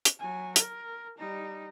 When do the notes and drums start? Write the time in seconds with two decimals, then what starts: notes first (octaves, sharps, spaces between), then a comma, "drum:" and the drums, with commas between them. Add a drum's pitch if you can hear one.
0.05 drum: hi-hat
0.20 F#3 G#5
0.56 A#4, drum: hi-hat
1.18 G3 D#4